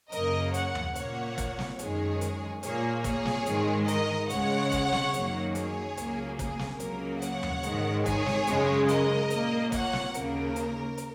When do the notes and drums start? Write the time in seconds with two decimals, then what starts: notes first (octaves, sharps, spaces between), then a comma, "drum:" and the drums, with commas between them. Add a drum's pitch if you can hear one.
0.12 F#2 C#3 A#3 A#4 D#5, drum: hi-hat
0.54 C#5 F#5, drum: hi-hat
0.75 drum: tom D#2
0.95 A#2 A#3 C#5 F#5, drum: hi-hat
1.38 drum: kick, hi-hat
1.59 drum: snare
1.79 F#2 D#3 G#3 G#4 C#5, drum: hi-hat
2.21 drum: hi-hat
2.63 A#2 A#3 G#4 C#5, drum: hi-hat
3.04 G#4 C#5, drum: kick, hi-hat
3.25 drum: snare
3.46 G#2 D#3 G#3, drum: hi-hat
3.88 A#4 D#5, drum: hi-hat
4.30 C#2 C#3 G#3 C#5 F#5, drum: hi-hat
4.72 drum: kick, hi-hat
4.92 drum: snare
5.13 F#2 D#3 F#3 A#3, drum: hi-hat
5.55 G#4 C#5, drum: hi-hat
5.97 C#2 C#3 F#3 A#3, drum: hi-hat
6.39 G#4, drum: kick, hi-hat
6.59 drum: snare
6.80 C#2 C#3 F#3 A#3 A#4, drum: hi-hat
7.22 C#5 F#5, drum: hi-hat
7.43 drum: tom D#2
7.63 G#2 D#3 G#3, drum: hi-hat
8.06 G#4 C#5, drum: kick, hi-hat
8.26 drum: snare
8.47 F#2 C#3 G#3, drum: hi-hat
8.88 A#4 D#5, drum: hi-hat
9.30 A#2 A#3, drum: hi-hat
9.72 C#5 F#5, drum: kick, hi-hat
9.93 drum: snare
10.14 D#2 C#3 A#3 A#4, drum: hi-hat
10.56 drum: hi-hat
10.98 drum: hi-hat